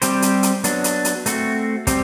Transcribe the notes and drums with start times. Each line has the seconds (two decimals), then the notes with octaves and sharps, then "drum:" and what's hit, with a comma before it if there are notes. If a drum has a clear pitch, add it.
0.02 G3 C4 G4 C5, drum: hi-hat
0.22 drum: hi-hat
0.43 drum: hi-hat
0.64 F#3 B3 D4, drum: hi-hat
0.84 drum: hi-hat
1.05 drum: hi-hat
1.26 A3 C4 F#4, drum: hi-hat
1.87 G3 C4 G4, drum: kick, hi-hat